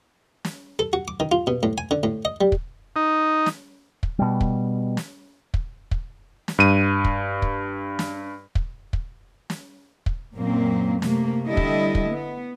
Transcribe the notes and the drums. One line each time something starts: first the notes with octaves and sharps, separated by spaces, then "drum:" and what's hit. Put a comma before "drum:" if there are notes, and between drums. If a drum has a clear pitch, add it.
drum: snare
A4
F#4
D6
D#3
F4
B2
A2
G#5
D3
A2
D#5
G3
drum: kick
D#4
drum: snare
drum: kick
B2 G3
drum: kick
drum: snare
drum: kick
drum: kick
drum: snare
G2 D#7
drum: kick
drum: kick
drum: snare
drum: kick
drum: kick
drum: snare
drum: kick
F#2 A#2 A#3 C4
C3 A3 A#3, drum: snare
D3 G3 E4 A4 D#5
drum: kick
drum: kick
B3